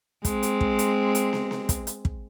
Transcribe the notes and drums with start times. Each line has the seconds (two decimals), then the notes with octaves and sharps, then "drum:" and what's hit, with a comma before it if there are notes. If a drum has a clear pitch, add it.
0.25 G#3 C4, drum: kick, hi-hat
0.43 drum: hi-hat
0.61 drum: kick
0.79 drum: hi-hat
1.15 drum: hi-hat
1.33 drum: snare
1.51 drum: snare
1.69 drum: kick, hi-hat
1.87 drum: hi-hat
2.05 drum: kick